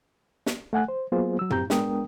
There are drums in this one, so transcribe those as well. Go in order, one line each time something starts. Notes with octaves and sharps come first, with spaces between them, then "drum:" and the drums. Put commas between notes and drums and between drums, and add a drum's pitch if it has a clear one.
drum: snare
A3 F#5 G#5 F#6
C5
F#3 A#3 B3 F4 G#4 C5
F#3 E6
F#2 C4 G4 A#5 G6, drum: tom
G#3 B3 D4 A#4 G5 D#6, drum: snare